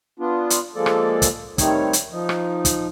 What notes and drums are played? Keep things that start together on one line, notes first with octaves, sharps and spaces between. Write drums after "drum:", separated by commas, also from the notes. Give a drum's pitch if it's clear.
B3 D4 F4
drum: hi-hat
F3 G#3 A#3 A4 D5
drum: rim click
drum: kick, hi-hat
D#3 G3 A3 C4 D#4 C#5, drum: kick, hi-hat
drum: hi-hat
F3 D#4
drum: rim click
drum: kick, hi-hat